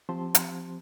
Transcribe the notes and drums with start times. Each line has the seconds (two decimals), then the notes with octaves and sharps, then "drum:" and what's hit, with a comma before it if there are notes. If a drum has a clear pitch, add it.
0.09 F3 C4 G4 C5 A5 C6
0.35 drum: hi-hat